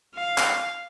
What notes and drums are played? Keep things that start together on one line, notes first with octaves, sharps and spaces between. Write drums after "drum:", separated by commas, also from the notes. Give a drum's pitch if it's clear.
F5
drum: clap